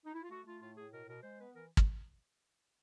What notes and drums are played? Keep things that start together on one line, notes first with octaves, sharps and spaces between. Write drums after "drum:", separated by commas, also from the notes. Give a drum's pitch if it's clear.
D#4
E4
F4
A3 F#4
A3 F4
A2 F4
A2 G#4
B2 A#4
B2 A#4
G#3 C5
B3 B4
E3 A#4
drum: kick